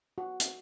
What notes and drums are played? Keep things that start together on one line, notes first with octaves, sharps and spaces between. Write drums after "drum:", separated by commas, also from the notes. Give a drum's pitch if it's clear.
F#4
drum: hi-hat